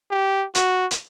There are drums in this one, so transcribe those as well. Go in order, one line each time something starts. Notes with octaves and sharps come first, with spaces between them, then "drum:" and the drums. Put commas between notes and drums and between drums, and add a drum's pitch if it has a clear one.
G4
F#4, drum: hi-hat
drum: hi-hat